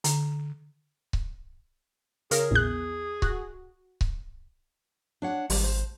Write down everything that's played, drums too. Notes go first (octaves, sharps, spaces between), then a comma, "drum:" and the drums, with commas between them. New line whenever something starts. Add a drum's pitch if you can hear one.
D3, drum: hi-hat
drum: kick C#1
C#3 G#4 A#4, drum: hi-hat
A#1 E2 F#6
F#4, drum: kick C#1
drum: kick C#1
D4 C#5 F#5
G#1 G3, drum: open hi-hat
C5